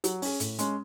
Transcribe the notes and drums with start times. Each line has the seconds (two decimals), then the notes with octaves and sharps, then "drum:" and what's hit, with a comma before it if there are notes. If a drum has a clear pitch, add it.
0.04 F#3, drum: hi-hat
0.22 C#4 G#4, drum: open hi-hat
0.40 A2, drum: hi-hat
0.59 G#3 C#4, drum: hi-hat